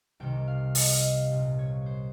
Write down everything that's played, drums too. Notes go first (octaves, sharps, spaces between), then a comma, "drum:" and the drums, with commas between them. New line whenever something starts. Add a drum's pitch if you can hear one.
C2 C3 D#3 G5
F5
D#5, drum: open hi-hat
D#5 F5
C2 A#2
C#5
C5